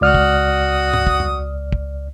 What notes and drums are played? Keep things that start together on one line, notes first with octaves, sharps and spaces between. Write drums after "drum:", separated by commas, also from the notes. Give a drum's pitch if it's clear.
C#2 F#4 D5 D#6 F6
drum: kick
drum: tom G2
drum: kick
drum: tom E2
drum: kick